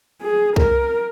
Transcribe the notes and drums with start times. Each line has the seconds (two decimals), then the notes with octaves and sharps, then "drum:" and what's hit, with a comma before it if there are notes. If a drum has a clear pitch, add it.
0.22 G#4
0.56 A#4, drum: kick C2